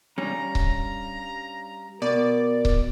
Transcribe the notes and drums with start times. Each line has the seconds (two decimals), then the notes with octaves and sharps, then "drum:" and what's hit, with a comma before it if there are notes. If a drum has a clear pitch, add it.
0.18 G2 G3 C#4 F5 A#5
0.55 drum: kick C#1
2.02 B2 A#4 D5
2.65 drum: kick C#1